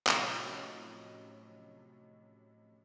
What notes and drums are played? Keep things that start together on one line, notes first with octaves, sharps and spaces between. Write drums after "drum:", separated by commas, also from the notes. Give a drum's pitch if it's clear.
A2 C3 F3 F#3 C#4 D#4, drum: clap